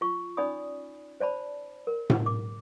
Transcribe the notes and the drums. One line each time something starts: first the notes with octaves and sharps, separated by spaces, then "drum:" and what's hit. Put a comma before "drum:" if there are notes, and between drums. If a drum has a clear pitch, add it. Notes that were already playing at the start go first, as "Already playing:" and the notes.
F4 C#6
C#4 D#4 D5 G#5 B5 D#6
C5 D5 A5 B5
A#4
drum: tom A2
D6